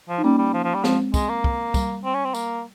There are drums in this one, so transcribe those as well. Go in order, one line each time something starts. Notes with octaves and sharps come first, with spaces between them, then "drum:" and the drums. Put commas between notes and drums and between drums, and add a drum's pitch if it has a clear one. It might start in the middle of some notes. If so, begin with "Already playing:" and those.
F3
D#4
G3 A#3 C#4
G3
F3
F3
G3
F3 G#3 C4, drum: snare
G#3, drum: kick, tambourine
A#3
drum: kick
G3, drum: kick, tambourine
C4
C#4
C4
A#3, drum: tambourine